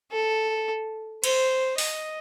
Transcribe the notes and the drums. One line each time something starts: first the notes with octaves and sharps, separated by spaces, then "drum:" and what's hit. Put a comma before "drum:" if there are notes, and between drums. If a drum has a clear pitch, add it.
A4
C5, drum: cymbal
D#5, drum: open hi-hat